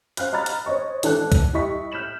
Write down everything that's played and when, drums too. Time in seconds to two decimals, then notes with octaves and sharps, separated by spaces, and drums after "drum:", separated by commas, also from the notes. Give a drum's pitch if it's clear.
0.17 C5 F5 F6 F#6, drum: hi-hat
0.32 D#5 A#5 B5 F6 A6
0.46 drum: hi-hat
0.66 C5 C#5 D#5 C#6
1.03 G#1 E3 D4 A4 A5 F#6, drum: hi-hat
1.32 drum: kick, hi-hat
1.53 G3 E4 D#5 C#6 B6
1.92 F6 G6 B6 E7 F#7